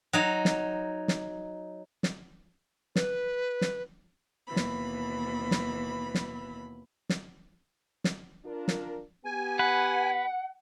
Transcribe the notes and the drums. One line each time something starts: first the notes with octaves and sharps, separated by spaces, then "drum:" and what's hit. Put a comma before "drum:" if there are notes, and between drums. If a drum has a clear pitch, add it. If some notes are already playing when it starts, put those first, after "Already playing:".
F#3 D#4
drum: snare
drum: snare
drum: snare
B4, drum: snare
drum: snare
D#2 B2 E3 B5
drum: snare
drum: snare
drum: snare
drum: snare
drum: snare
D4 F4 A#4
drum: snare
B3 G4 G#5
B4 F#5